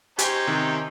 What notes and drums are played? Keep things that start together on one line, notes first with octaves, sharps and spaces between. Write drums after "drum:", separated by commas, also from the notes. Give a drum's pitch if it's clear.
C#4 D#4 G4 C5, drum: hi-hat
C3 D#3